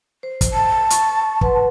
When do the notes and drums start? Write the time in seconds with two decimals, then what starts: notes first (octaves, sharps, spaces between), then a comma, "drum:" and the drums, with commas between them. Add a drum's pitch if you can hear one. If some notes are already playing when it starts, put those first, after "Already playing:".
0.23 C5
0.41 drum: kick, hi-hat
0.53 A5
0.90 C#6, drum: hi-hat
1.41 B4 F#5 C6, drum: kick